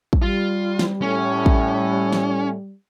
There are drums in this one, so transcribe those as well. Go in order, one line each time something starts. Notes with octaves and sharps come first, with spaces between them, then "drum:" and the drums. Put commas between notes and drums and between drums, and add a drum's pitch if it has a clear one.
drum: kick
G3 F4
drum: snare
A2 C#4
drum: kick
drum: snare